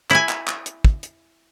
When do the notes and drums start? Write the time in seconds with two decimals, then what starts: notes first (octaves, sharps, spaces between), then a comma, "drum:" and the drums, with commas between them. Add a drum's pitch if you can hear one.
0.10 E4 G#5, drum: clap
0.29 drum: clap
0.47 drum: clap
0.66 drum: hi-hat
0.85 drum: kick
1.03 drum: hi-hat